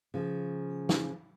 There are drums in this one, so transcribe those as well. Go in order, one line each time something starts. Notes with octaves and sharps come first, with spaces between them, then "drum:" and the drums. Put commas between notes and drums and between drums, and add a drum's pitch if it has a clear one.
C#3 F3
drum: snare